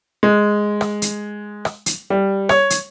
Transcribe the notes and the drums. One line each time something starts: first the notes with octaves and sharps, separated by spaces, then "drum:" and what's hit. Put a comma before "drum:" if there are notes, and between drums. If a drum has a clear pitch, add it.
G#3
drum: rim click
drum: hi-hat
drum: rim click
drum: hi-hat
G3
C#5, drum: rim click
drum: hi-hat